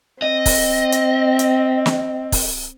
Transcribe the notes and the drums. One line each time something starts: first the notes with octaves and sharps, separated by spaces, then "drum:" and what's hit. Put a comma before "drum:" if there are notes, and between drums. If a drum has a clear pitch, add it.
C4 D#5
drum: kick, open hi-hat
drum: hi-hat
drum: hi-hat
drum: snare
drum: kick, open hi-hat